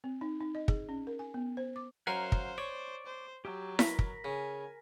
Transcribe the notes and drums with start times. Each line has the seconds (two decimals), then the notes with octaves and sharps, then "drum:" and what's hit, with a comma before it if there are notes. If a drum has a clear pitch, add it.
0.04 C4
0.21 D#4
0.41 D#4
0.55 D#5
0.68 G#4, drum: kick
0.89 C#4
1.07 A#4
1.19 G#5
1.34 B3
1.57 C5
1.76 D6
2.07 F#2 A#4 C5 F5 F#5 G#5
2.32 drum: kick
2.58 C#5 D5 C#6
3.07 C5
3.45 F#3 G4
3.79 A#4 B5, drum: snare E4
3.99 drum: kick
4.24 C#3 G#5